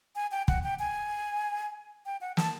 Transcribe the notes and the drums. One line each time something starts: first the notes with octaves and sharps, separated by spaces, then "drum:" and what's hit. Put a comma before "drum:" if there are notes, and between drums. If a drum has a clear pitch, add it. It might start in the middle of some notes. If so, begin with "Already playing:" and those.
G#5
G5
F#5, drum: kick
G5
G#5
G5
F#5
A5, drum: snare